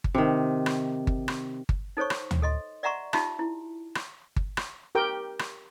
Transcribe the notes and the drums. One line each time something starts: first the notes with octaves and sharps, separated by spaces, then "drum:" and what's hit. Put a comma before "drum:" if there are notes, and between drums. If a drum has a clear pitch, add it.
drum: kick G1
C3 D#3
drum: rim click
drum: kick G1
drum: rim click
drum: kick G1
D#4 A4 C5 C#5 C#6
drum: rim click
drum: tom D2
A4 D#5 C6
D5 E5 F#5 A#5 C6 C#6
D#4 F4 G4 E5 A5 C6, drum: rim click
E4
drum: rim click
drum: kick G1
drum: rim click
G4 A#4 G5
drum: rim click